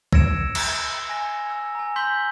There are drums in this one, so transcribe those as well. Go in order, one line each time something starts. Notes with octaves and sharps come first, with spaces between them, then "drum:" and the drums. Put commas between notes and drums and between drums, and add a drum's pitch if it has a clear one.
E6 G#6 A#6 C#7 D7 E7, drum: kick
E6, drum: cymbal
G#5 A#6
E6
G#5 A#5
C6 E6 G6 B6 F#7 G7